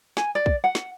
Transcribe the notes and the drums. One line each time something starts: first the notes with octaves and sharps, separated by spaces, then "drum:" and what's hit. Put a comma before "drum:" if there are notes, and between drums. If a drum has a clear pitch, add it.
G#5, drum: snare
D5
drum: kick
F#5
drum: snare